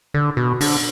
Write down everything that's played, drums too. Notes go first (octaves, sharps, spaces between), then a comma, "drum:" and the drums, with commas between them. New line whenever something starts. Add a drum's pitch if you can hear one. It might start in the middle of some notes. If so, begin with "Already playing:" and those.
D3
B2
D3, drum: open hi-hat